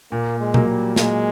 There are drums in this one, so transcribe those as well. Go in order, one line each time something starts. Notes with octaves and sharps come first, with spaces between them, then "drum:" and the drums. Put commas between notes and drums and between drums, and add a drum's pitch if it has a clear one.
A#2 A#3
G#3
F#3 A#3, drum: tom B2
G3
A#2 G#3, drum: snare